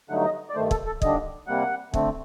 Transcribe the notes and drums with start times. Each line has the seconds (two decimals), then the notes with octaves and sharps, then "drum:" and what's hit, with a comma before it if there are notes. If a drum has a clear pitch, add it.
0.09 G2 D3 F#3 A3 D#4 F#5
0.25 D#5
0.50 D5
0.55 G2 D#3 A3 C5
0.71 A4, drum: kick
0.86 A4
1.02 D#2 D3 G3 D4 D#5, drum: kick
1.47 C3 G3 A#3 F#5
1.94 D3 A3 C4, drum: kick